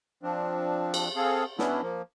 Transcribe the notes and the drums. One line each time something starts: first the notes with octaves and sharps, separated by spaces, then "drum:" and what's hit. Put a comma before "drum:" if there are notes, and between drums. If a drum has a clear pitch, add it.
F3 C4 D4
drum: cymbal
C4 G#4 A4 F5
B2 B3 C#4 D4 E4, drum: snare
F3 A#3